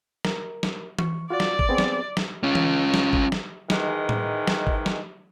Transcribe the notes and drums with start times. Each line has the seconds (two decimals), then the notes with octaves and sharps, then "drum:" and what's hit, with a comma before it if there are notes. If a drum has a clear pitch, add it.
0.25 A#4, drum: snare
0.63 drum: snare
0.99 C#6, drum: tom E3
1.30 F4 F#4 D5
1.40 drum: snare
1.59 drum: kick G#1
1.69 B3 C4 G#4
1.78 drum: snare
2.17 drum: snare
2.43 C#4 F4
2.55 drum: tom E3
2.94 drum: snare
3.13 drum: kick G#1
3.32 drum: snare
3.70 G#2 D#3 E3 G#3, drum: snare
4.09 drum: tom A2
4.47 drum: snare
4.67 drum: kick G#1
4.86 drum: snare